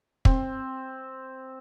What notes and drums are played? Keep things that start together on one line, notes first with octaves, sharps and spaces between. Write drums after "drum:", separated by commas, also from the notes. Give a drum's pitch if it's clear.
C4, drum: kick